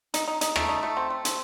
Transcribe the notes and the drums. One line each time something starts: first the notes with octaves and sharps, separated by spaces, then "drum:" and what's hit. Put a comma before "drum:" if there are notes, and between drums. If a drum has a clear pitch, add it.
D#4, drum: hi-hat
D#4
D#4, drum: hi-hat
A3, drum: rim click
D#4
A3
C4
A3
C4, drum: hi-hat